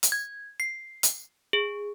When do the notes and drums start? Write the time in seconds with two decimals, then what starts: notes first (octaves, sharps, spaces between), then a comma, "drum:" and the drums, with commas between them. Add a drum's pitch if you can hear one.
0.03 drum: hi-hat
0.12 G#6
0.60 C7
1.03 drum: hi-hat
1.53 G#4